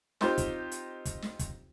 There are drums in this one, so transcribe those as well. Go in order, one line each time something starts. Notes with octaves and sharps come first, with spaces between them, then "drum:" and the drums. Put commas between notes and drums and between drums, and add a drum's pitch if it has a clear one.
C4 D#4 F4 G4 C5, drum: snare
drum: kick, hi-hat
drum: hi-hat
drum: kick, hi-hat
drum: snare
drum: kick, hi-hat